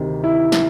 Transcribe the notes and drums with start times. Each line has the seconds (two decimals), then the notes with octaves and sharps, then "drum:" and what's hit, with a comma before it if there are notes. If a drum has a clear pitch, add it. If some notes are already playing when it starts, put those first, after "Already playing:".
Already playing: D2 C3 D#3
0.24 E4
0.52 drum: snare